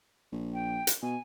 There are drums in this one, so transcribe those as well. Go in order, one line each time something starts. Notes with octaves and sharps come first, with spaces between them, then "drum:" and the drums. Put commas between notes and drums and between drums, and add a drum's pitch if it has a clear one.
A#1
G5
drum: hi-hat
B2 G#5